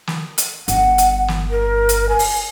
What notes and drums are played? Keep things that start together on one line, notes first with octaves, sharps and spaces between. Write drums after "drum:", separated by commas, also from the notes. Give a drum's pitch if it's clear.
drum: snare
drum: hi-hat
G1 F#5, drum: hi-hat
drum: hi-hat
drum: snare
A#4
drum: hi-hat
G#5
drum: open hi-hat